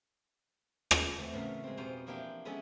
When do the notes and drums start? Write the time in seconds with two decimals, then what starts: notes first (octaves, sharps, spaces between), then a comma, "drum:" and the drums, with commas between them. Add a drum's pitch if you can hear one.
0.91 drum: rim click
1.18 E3 A3 C4 F#4
1.33 A2 C#3 B3 A4 A#4
1.64 G#3 A#3 C4
1.77 F2 B2 D#4 F4 G4 C5
2.07 E3 F3 A#3 D4 E4 G4
2.45 G#3 B3 C#4 E4 G#4 A4